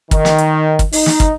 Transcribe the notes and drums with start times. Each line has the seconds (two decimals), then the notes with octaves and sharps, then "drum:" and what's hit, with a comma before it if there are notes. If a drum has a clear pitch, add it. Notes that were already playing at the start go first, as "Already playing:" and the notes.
0.11 D#3, drum: kick, hi-hat
0.25 drum: snare
0.38 drum: hi-hat
0.79 drum: kick, hi-hat
0.92 D#4, drum: open hi-hat
1.06 drum: snare
1.20 drum: kick, hi-hat